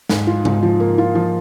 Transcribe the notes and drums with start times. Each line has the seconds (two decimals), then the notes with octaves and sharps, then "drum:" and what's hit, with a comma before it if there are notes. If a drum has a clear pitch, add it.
0.09 G#2, drum: snare
0.27 F4
0.45 G#2, drum: tom C#3
0.63 F3
0.80 A#3
0.98 F4
1.15 F3